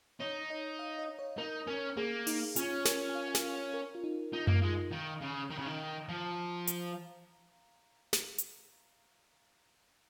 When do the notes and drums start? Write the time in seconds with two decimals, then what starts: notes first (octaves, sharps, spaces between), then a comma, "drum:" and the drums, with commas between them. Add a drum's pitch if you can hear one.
0.20 D#4 C#5
0.50 D#5
0.79 F5
0.99 D#5
1.19 C#5
1.38 D#4 A#4
1.67 C#4 A#4
1.97 A#3 G#4
2.27 D#4, drum: open hi-hat
2.56 C#4 F4, drum: hi-hat
2.85 A#4, drum: snare
3.09 G#5
3.15 F5
3.28 F5
3.35 G#5, drum: snare
3.54 F5
3.74 A#4
3.95 F4
4.04 D#4
4.33 D#4 F4
4.47 A#3, drum: tom F#2
4.62 G#3 F4
4.91 D#3 F5
5.21 C#3
5.50 D#3 A#5
5.58 C#3
5.66 D#3 A#5
6.09 F3
6.67 drum: hi-hat
8.13 drum: snare
8.38 drum: hi-hat